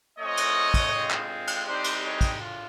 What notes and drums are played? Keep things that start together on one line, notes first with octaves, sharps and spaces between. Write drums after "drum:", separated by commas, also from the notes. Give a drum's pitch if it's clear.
A3 C4 F4 C#5 D#5
drum: cymbal
drum: kick, cymbal
G#3 C4 F4
drum: clap
drum: cymbal
G3 C4 D#4 G4 C5 D5
drum: cymbal
C#5 D#5
drum: kick, cymbal
F4